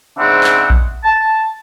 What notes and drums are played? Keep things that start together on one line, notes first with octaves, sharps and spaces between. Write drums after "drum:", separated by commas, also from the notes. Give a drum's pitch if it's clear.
G#2 C#3 C4 D4 E5 F#5
drum: clap
drum: kick A#1
A5